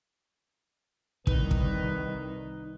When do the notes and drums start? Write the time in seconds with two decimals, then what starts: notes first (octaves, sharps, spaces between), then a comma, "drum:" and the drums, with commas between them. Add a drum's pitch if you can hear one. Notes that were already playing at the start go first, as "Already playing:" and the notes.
1.27 C2 D#3 D#4 B4, drum: kick
1.51 drum: kick